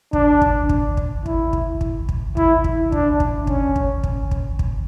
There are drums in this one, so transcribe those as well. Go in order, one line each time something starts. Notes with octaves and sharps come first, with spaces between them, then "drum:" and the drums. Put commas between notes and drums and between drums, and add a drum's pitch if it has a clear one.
D4, drum: kick
drum: kick
drum: kick
drum: kick
E4, drum: kick
drum: kick
drum: kick
drum: kick
E4, drum: kick
drum: kick
D4, drum: kick
drum: kick
C#4, drum: kick
drum: kick
drum: kick
drum: kick
drum: kick